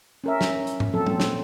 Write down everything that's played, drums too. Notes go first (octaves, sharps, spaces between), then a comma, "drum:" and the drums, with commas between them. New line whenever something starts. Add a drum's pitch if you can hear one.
C#4 A#4 E5
drum: snare
drum: hi-hat
drum: tom G#2
A#2 F3 F#3 C4 A4
drum: tom
drum: snare